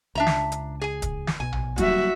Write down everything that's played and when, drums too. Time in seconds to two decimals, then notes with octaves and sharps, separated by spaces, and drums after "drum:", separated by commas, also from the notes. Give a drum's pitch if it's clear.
0.15 C#2 D4 E5 A#5
0.27 drum: snare
0.52 drum: hi-hat
0.81 G#4 G#5
1.02 drum: kick, hi-hat
1.27 drum: snare
1.40 B1 B2 G#5
1.52 drum: tom A#1
1.78 F#3 G3 A#3 F#4 E5, drum: kick, hi-hat